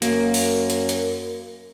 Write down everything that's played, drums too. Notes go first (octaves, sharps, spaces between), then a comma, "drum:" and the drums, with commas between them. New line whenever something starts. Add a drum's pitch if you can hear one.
F#2 A#3, drum: hi-hat
drum: open hi-hat
drum: hi-hat
drum: hi-hat